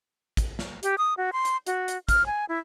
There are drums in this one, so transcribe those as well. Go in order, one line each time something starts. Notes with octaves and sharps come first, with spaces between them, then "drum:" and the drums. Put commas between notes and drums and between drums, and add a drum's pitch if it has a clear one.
drum: kick, hi-hat
drum: snare
G4, drum: hi-hat
D#6
F#4
C6
drum: hi-hat
F#4, drum: hi-hat
drum: hi-hat
F6, drum: kick, hi-hat
G#5
E4